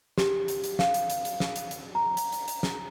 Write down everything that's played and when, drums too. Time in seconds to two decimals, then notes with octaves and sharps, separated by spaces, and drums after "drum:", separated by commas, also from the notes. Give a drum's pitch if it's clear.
0.18 G4, drum: snare
0.48 drum: hi-hat
0.64 drum: hi-hat
0.79 F5, drum: snare
0.94 drum: hi-hat
1.10 drum: hi-hat
1.25 drum: hi-hat
1.40 drum: snare
1.56 drum: hi-hat
1.71 drum: hi-hat
1.95 A#5
2.17 drum: hi-hat
2.32 drum: hi-hat
2.48 drum: hi-hat
2.63 drum: snare